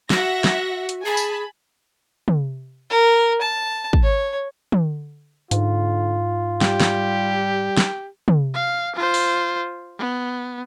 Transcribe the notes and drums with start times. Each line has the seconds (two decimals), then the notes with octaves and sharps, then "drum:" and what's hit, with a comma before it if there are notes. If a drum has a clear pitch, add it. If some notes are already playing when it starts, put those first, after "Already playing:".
0.10 F#4 E5 F#5 A#6, drum: snare
0.44 drum: snare
0.89 drum: hi-hat
1.05 G#4 G#5 A5 B5
1.17 drum: tambourine
2.28 drum: tom
2.90 A#4
3.41 A5
3.93 drum: kick
4.03 C#5
4.72 drum: tom
5.51 G#2 D3 F4, drum: hi-hat
6.61 G3 G4, drum: snare
6.80 drum: snare
7.77 drum: snare
8.28 drum: tom
8.54 F5
8.96 F4 C5
9.14 drum: open hi-hat
9.99 B3